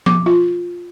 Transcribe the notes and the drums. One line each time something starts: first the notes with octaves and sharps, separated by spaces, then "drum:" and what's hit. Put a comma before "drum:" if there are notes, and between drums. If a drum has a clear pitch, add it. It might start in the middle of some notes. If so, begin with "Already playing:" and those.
D6, drum: tom F3
F4